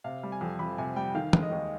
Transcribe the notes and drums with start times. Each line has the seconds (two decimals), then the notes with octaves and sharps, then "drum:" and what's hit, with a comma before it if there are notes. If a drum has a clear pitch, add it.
0.04 C3 F5
0.23 G3
0.32 G#5
0.41 F2
0.59 F2 B5
0.78 C3 G#5
0.96 G3 G5
1.15 D#3 F5
1.33 G#3, drum: tom
1.42 D#5
1.51 D#2